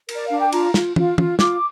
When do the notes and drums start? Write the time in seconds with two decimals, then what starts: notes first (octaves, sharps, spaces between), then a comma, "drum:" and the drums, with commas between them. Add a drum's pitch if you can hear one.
0.09 A#4, drum: cymbal
0.15 D5
0.27 D4 F5
0.40 G5
0.52 F4 A#5, drum: cymbal
0.74 F4, drum: snare
0.96 F4, drum: tom
1.18 F4, drum: tom
1.39 F4 D6, drum: snare